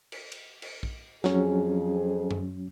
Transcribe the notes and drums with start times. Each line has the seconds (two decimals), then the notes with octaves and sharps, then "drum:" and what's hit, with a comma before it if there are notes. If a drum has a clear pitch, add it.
0.12 drum: cymbal
0.32 drum: cymbal
0.62 drum: cymbal
0.83 drum: kick A#1
1.24 F2 F#3 C#4 G#4, drum: snare
2.31 drum: tom F#2